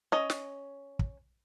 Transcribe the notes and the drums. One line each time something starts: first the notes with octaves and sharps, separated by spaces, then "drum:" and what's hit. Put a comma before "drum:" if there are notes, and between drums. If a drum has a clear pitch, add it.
C#4 D#5
drum: snare
drum: kick